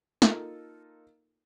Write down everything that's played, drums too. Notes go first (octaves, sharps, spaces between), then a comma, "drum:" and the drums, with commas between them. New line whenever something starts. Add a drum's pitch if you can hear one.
A#3 D#4 F4 A4, drum: snare